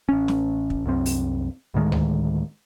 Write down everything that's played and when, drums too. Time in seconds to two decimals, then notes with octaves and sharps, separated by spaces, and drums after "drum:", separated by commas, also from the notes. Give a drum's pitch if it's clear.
0.09 A1 C#4
0.28 drum: snare
0.70 drum: kick
0.86 C2 F#2 C4
1.06 drum: open hi-hat
1.74 D2 A2 D#3 G#3
1.92 drum: tom D2